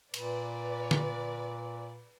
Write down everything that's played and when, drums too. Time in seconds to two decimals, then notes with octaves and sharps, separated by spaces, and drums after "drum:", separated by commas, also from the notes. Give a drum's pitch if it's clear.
0.14 A#2 B4 D5, drum: cymbal
0.91 drum: tom D3